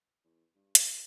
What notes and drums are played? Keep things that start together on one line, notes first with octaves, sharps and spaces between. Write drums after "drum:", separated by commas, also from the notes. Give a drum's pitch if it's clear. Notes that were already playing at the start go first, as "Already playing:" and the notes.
E2
G2
E1, drum: hi-hat